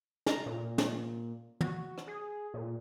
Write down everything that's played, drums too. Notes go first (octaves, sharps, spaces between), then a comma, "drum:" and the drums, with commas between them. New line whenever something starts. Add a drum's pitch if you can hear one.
A#5, drum: snare
A#2
drum: snare
F#4, drum: tom
drum: rim click
G#4
A#2